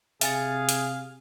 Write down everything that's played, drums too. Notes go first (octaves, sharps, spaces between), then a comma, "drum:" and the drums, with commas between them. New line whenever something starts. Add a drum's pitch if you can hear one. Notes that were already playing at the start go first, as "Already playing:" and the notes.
C3 G#4 E5 F5 G#5 A6, drum: hi-hat
drum: hi-hat